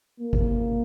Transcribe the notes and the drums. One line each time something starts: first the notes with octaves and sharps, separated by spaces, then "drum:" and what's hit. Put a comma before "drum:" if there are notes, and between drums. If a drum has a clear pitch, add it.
A#3
drum: kick G#1